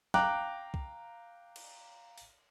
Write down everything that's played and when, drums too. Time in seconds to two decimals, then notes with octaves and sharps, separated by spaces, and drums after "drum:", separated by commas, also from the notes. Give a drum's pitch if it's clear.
0.14 F5 G5 A#5 D6 F#6, drum: snare
0.74 drum: kick C2
1.56 drum: cymbal
2.18 drum: open hi-hat